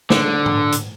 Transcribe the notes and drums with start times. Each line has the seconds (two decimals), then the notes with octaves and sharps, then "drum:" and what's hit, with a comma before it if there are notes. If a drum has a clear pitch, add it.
0.10 D3, drum: snare
0.46 drum: tom G#2
0.72 drum: hi-hat